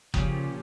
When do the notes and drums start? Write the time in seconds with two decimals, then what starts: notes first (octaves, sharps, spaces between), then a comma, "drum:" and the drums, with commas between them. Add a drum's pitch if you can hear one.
0.14 A#2 C#3 F3 C#4 G4, drum: kick F#1